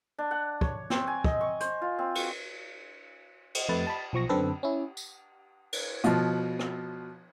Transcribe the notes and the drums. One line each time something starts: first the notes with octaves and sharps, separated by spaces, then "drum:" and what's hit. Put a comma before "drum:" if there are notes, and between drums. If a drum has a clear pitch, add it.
D4
F#5
C#5, drum: kick
C4, drum: snare
G#5
D#5, drum: kick
C#6
C5, drum: hi-hat
F4
C4
F#4, drum: cymbal
drum: cymbal
F2 A3 B4 A6
A5 B5
B1 F3 C#6 A#6
F#2 D3 C4 A4 B4
C#4 E4
drum: tambourine
drum: cymbal
B2 F3, drum: hi-hat
drum: rim click